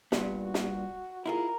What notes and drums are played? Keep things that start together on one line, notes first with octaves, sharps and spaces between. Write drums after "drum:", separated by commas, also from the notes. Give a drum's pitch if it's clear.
G2 A#2 B3, drum: snare
F#4
drum: snare
E4 F4 G#4 A#4